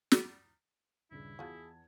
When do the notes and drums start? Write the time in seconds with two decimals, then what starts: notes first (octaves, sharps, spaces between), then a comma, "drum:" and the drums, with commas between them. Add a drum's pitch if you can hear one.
0.12 drum: snare
1.11 D#1 G2 C#3 E4
1.39 E2 F4 F#4 G#4 A5 G#6